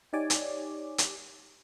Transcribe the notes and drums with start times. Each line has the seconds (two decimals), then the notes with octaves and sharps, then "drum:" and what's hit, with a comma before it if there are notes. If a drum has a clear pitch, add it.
0.13 D#4 G4 C#5 D5 G#5 D6
0.30 drum: hi-hat
0.98 drum: hi-hat